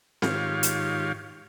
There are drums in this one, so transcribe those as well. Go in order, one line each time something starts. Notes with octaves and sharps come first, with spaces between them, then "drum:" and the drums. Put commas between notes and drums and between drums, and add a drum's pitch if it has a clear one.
G#2 D#3 F4 G4 C#5 F5, drum: snare C4
drum: hi-hat